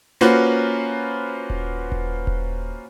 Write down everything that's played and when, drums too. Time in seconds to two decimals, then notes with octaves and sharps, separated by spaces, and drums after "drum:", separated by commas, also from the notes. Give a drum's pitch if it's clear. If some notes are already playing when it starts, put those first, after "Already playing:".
0.21 A#3 C#4 F4 F#4 B4 C5, drum: snare
1.50 drum: kick D#1
1.92 drum: kick D#1
2.27 drum: kick D#1